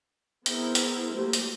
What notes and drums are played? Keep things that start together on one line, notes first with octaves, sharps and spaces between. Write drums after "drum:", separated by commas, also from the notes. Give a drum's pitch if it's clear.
B3 C4 E4 G#4 A#4 C5, drum: hi-hat
drum: hi-hat
F#3 A3 A#3 G4 C5
drum: hi-hat